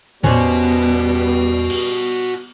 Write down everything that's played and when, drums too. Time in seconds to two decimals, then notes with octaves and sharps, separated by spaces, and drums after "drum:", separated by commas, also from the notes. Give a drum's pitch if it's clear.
0.24 E2 G3 B3 C#4 F#4 C5 D5 D#5, drum: tom A2
1.70 drum: cymbal